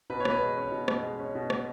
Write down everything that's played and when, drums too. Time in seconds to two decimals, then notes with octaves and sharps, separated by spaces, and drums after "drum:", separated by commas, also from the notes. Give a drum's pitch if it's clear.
0.10 B2 B4
0.20 C#5
0.25 B2 B4, drum: rim click
0.41 G#3
0.57 C#4
0.72 B2
0.88 B2, drum: rim click
1.03 G#3
1.19 C#4
1.35 B2
1.50 B2, drum: rim click